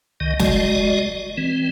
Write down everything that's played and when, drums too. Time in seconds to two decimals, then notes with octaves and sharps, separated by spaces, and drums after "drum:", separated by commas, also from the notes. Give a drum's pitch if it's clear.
0.20 C#2 D#3 D#5
0.39 G#3 F#4 D5 D#5, drum: snare
1.37 E3 C4